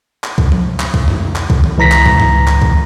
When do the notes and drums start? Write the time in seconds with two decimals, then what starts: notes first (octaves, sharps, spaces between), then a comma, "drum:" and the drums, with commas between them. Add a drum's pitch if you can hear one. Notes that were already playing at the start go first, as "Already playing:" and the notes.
0.24 drum: clap
0.38 drum: kick C2
0.52 drum: tom F3
0.80 drum: clap
0.94 drum: kick C2
1.08 drum: tom F2
1.36 drum: clap
1.50 drum: kick C2
1.64 drum: tom D3
1.78 C#2 E3 A#5 A#6 B6
1.92 drum: clap
2.06 drum: kick C2
2.20 drum: tom G#2
2.48 drum: clap
2.62 drum: kick C2